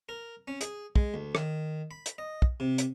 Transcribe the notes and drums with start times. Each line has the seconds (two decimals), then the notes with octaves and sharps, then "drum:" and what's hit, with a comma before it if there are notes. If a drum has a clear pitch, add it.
0.09 A#4
0.48 C#4
0.61 G#4, drum: hi-hat
0.96 G#3, drum: kick
1.14 D2
1.35 D#3, drum: rim click
1.91 B5
2.06 drum: hi-hat
2.18 D#5
2.42 drum: kick
2.60 C3
2.78 drum: hi-hat